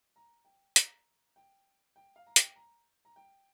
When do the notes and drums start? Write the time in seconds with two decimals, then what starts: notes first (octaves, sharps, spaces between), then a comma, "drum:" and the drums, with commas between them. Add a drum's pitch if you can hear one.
0.16 A#5
0.45 G5
0.76 A#5, drum: hi-hat
1.36 G5
1.96 G5
2.16 F5
2.27 A#5
2.36 G5, drum: hi-hat
2.56 A#5
3.05 A#5
3.16 G5